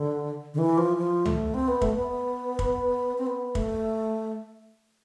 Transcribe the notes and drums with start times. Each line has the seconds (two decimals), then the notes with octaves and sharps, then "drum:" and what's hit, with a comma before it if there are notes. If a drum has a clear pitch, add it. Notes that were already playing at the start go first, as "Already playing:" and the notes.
Already playing: D3
0.54 D3
0.58 E3
0.78 F3
0.97 F3
1.26 A3, drum: tom C#2
1.54 C4
1.68 B3
1.81 A3, drum: kick
1.95 B3
2.59 drum: kick
3.18 C4
3.27 B3
3.55 A3, drum: kick